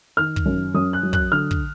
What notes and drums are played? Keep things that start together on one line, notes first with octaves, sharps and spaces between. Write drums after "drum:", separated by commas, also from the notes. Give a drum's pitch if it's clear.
D#3 F6
drum: kick
F#2
F#2 D#6
F#6
F#3
F#6, drum: kick
D3 F6
drum: kick